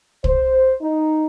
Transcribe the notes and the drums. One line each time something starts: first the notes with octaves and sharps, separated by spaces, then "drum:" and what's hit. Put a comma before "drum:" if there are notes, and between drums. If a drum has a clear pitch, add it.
C5, drum: kick
D#4